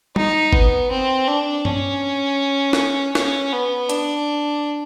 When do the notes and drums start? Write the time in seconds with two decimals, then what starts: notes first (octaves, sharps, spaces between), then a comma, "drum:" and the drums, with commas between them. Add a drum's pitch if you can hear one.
0.16 D#4, drum: tom G3
0.53 B3, drum: kick G1
0.91 C4
1.27 D4
1.65 C#4, drum: tom G2
2.73 drum: snare
3.15 C#4, drum: snare
3.52 B3
3.90 D4, drum: hi-hat